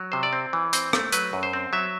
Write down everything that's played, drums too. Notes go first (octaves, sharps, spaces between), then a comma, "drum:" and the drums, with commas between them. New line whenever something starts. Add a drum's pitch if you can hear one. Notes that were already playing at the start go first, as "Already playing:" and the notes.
Already playing: F#3
C3 C5
D5
C4
E3
C4, drum: hi-hat
A3, drum: rim click
F#3 B4, drum: hi-hat
F#2
C5
C4
F#3 E5